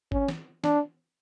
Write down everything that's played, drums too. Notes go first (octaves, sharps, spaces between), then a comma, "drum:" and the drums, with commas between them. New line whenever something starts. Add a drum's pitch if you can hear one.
C#4, drum: kick G1
drum: snare
D4, drum: snare